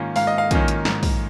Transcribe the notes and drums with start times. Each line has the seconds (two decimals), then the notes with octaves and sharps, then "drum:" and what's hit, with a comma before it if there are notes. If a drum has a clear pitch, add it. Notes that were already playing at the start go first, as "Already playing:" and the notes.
Already playing: G#2 D#3 A#3 C#4 F4
0.16 G#2 F5, drum: open hi-hat
0.27 D#5
0.38 F5
0.51 D#3 A#3 C#4 F4, drum: kick, hi-hat
0.68 drum: hi-hat
0.85 G#2, drum: snare
1.03 drum: kick, open hi-hat